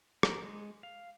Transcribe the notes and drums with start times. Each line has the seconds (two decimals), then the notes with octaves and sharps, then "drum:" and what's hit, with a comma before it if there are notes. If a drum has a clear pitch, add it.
0.23 A#4, drum: rim click
0.44 G#3
0.83 F5